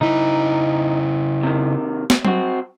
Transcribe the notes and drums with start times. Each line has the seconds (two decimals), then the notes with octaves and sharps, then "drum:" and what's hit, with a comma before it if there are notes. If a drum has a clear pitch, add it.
0.01 C#3 D#4 E4
1.43 C3 D#3
2.10 drum: snare
2.25 C4 F#4, drum: tom F#3